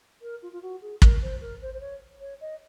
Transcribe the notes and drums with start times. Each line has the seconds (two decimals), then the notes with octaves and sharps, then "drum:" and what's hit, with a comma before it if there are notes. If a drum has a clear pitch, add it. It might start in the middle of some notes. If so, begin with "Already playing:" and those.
0.21 A#4
0.42 F4
0.52 F4
0.62 F#4
0.81 G#4
1.02 A#4, drum: kick
1.22 C5
1.41 A#4
1.61 C5
1.74 C5
1.80 C#5
2.20 C#5
2.41 D#5